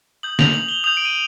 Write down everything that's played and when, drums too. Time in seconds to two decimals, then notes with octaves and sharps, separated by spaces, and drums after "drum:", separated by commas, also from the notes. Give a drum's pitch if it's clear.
0.23 D#6 G6 F#7
0.39 F7, drum: snare
0.54 F#7
0.69 G7
0.84 D#6 G6 F7
0.97 D7
1.05 D#7